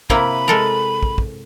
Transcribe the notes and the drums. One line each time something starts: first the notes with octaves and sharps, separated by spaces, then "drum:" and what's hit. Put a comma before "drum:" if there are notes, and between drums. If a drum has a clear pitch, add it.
C3 A#3 E4 B5, drum: kick
G#3 A4 A#4
drum: kick
drum: kick